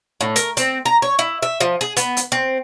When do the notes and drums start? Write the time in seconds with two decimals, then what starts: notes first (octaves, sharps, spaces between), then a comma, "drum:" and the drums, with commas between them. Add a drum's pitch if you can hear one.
0.21 A2
0.36 A#4, drum: hi-hat
0.57 C4, drum: hi-hat
0.85 A#5
1.02 C#5
1.19 E4
1.42 E5
1.61 F3
1.81 G#4
1.97 B3, drum: hi-hat
2.17 drum: hi-hat
2.32 C4